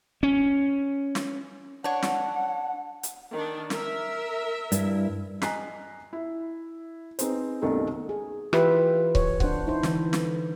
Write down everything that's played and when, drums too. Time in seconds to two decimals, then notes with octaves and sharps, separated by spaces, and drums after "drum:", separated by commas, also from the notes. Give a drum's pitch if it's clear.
0.23 C#4
1.15 drum: snare
1.84 D4 C#5 F#5
2.02 drum: snare
3.03 drum: hi-hat
3.32 D#3 D4
3.70 A#4 E5, drum: snare
4.72 G2 E4, drum: hi-hat
5.42 D#5 G#5 A#5 F#6 B6 C7, drum: snare
6.13 E4
7.19 C4 D#4 G#4 B4 C5, drum: hi-hat
7.62 C2 B2 D#3 A3 C#4 A4
8.09 G#4
8.53 E3 F4 G4 B4 E5, drum: rim click
9.15 C#5, drum: kick C#1
9.40 D4 C5 F#5, drum: kick C#1
9.67 D#4 E4 C5
9.83 D3 E3, drum: snare
10.13 drum: snare